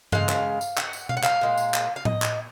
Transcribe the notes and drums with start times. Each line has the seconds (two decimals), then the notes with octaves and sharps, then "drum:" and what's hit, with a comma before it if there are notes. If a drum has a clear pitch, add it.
0.12 C#3 G#3 F5, drum: tom G2
0.29 drum: clap
0.61 drum: tambourine
0.77 F#5, drum: clap
0.93 drum: tambourine
1.09 F5, drum: tom B2
1.17 F#5
1.23 F5, drum: clap
1.41 A#2 G#3
1.58 drum: tambourine
1.74 drum: clap
1.96 F5
2.05 D#5, drum: tom A2
2.22 drum: clap